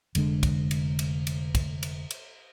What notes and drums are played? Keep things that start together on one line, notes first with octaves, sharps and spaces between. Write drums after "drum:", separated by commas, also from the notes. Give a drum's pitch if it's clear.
F1 D3 G#3 D4, drum: cymbal
drum: kick, cymbal
drum: cymbal
drum: cymbal
drum: cymbal
drum: kick, cymbal
drum: cymbal
drum: cymbal